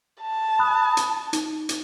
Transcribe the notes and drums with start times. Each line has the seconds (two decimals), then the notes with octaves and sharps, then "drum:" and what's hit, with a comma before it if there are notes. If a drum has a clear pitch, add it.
0.21 A5
0.59 B5 D#6 F#6
0.97 drum: hi-hat
1.33 D#4, drum: hi-hat
1.69 drum: hi-hat